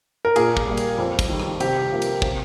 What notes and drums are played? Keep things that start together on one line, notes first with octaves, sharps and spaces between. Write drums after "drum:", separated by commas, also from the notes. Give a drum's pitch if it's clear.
A#4
A#2 G#4, drum: cymbal
drum: kick
G3 A#3
drum: cymbal
F2
drum: kick, cymbal
D#3 G3
drum: rim click
C3 G4, drum: cymbal
F3 A#3
drum: cymbal
C3, drum: kick